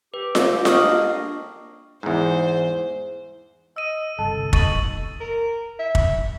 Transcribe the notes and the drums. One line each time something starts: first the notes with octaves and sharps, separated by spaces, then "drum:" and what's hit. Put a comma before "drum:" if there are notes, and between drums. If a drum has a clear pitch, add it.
G4 B4
drum: snare F4
A#3 D4 D#5 G5 C#6 D#6 F6, drum: snare F4
E2 G#2 C5
D#5 E6 D#7
G1 C2 A4 A5
D#2 B2 D#5 C#6 A6 D#7 F#7, drum: kick
A#4
E5
drum: kick